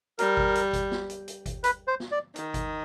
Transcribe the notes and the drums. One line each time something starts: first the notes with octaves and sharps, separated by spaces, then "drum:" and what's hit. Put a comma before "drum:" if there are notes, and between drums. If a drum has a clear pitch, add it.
G3 A#4, drum: hi-hat
drum: kick G1
drum: hi-hat
drum: kick G1, hi-hat
drum: snare
drum: hi-hat
drum: hi-hat
drum: kick G1, hi-hat
B4, drum: hi-hat
C5
drum: snare
D5
D#3, drum: hi-hat
drum: kick G1, hi-hat